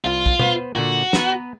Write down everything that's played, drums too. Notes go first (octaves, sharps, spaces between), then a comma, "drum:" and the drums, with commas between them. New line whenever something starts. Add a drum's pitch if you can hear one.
C2 F4
drum: kick
B3 B4 C5, drum: tom B2
A#2 D3 F#4
B3 B4 A#5, drum: snare